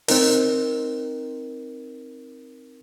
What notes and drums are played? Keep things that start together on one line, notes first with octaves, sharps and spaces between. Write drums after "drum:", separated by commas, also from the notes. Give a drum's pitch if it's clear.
C4 D#4 A#4, drum: open hi-hat